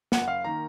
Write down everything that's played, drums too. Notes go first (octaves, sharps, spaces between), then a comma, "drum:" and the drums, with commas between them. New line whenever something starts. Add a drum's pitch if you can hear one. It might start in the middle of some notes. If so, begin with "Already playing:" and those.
F#1 F#5, drum: snare
F5
D#3 A#3 A#5